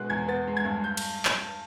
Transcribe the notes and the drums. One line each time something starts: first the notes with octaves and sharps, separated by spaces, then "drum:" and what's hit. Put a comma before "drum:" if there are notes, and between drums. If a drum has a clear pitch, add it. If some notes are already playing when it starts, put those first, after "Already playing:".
Already playing: B2 G#3 B3 F#6
E2 G#6
B3 A6
G#3
G#6
G2
G6
drum: cymbal
drum: clap